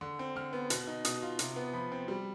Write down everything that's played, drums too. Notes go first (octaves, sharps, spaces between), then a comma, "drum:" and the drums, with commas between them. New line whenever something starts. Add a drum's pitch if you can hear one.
D3
C4
D3 F6
B3
B2, drum: hi-hat
D#4
B2 D#6, drum: hi-hat
F4
C3, drum: hi-hat
B3
F3 B5
C4
G3